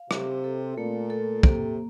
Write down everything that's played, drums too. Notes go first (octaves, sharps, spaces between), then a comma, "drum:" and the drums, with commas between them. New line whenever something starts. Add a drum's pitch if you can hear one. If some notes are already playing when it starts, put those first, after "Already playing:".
Already playing: F5
C3 C4, drum: rim click
A4
A#2 A3
A4
C3 A#3, drum: kick